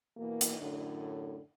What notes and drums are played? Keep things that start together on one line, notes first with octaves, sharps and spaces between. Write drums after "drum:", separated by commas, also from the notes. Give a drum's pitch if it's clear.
B2 E3 A#3
drum: hi-hat
F#2 A2 D3